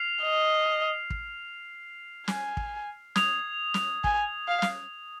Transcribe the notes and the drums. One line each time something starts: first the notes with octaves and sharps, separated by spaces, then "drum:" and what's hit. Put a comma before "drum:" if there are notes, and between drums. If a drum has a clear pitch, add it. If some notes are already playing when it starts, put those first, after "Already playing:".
Already playing: F6 C7 F7
D#5
drum: kick
G#5, drum: snare
drum: kick
D#6 G#6 F7, drum: snare
drum: snare
G#5, drum: kick
F5
drum: snare